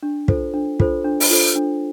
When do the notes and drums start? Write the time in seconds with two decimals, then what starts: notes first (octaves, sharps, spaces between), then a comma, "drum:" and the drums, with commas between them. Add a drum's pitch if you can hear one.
0.03 D4
0.28 F4 A4 C5, drum: kick
0.54 D4
0.80 F4 A4 C5, drum: kick
1.04 D4
1.20 drum: open hi-hat
1.30 F4 A4 C5
1.56 D4